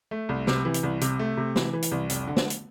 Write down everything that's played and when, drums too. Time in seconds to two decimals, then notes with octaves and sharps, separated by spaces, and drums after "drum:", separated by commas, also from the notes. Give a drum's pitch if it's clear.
0.11 A3
0.29 C2
0.47 C3, drum: snare
0.65 E3
0.74 drum: hi-hat
0.83 C2
1.01 C3, drum: hi-hat
1.19 A3
1.37 C3
1.56 E3, drum: snare
1.73 E3
1.82 drum: hi-hat
1.92 C2
2.10 F1, drum: hi-hat
2.27 D3
2.37 drum: snare
2.50 drum: hi-hat